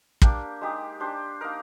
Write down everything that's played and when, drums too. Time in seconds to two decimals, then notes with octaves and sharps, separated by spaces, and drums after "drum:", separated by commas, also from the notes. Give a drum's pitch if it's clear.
0.22 A#3 D4 G4, drum: kick
0.61 G#3 D#4 G4
1.00 D4 G4 C5
1.41 A#3 D#4 A#4